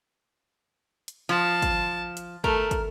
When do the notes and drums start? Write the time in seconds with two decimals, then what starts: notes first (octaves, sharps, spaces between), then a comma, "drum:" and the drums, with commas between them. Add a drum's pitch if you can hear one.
1.08 drum: hi-hat
1.29 F3 A5
1.62 drum: kick, hi-hat
2.17 drum: hi-hat
2.44 A3 A#4, drum: kick
2.71 drum: kick, hi-hat